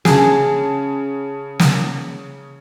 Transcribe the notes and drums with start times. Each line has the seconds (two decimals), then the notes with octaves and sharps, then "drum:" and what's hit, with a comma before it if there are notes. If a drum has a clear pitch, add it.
0.05 C#3 G#4 A5, drum: snare
1.60 drum: snare